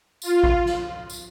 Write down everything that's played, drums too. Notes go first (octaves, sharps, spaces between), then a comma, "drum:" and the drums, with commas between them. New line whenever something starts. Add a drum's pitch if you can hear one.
F4, drum: tambourine
drum: kick G#1
drum: snare
drum: tambourine